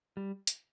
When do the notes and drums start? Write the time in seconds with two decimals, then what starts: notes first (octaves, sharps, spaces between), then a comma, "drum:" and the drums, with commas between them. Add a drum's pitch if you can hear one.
0.17 G3
0.47 drum: hi-hat